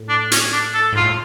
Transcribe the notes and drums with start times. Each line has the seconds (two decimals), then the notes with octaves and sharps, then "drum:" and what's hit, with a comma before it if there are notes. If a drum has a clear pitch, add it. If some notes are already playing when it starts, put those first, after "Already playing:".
Already playing: A2
0.09 D4
0.32 C#4, drum: hi-hat
0.52 D4
0.74 A4
0.92 G#2
0.96 F4
1.02 A2